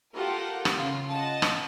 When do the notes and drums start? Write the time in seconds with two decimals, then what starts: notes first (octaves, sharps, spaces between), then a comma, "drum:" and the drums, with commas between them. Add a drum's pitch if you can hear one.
0.14 F4 G4 A4 A#4 F#5 G5
0.65 drum: rim click
0.75 C#3 F4
1.12 D#5 F#5 A5
1.42 drum: rim click